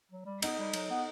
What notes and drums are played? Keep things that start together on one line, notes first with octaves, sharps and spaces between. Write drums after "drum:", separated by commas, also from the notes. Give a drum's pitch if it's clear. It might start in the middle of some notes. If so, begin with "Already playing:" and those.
F#3
G3
B3 D#4, drum: cymbal
G3
F#3, drum: cymbal
B3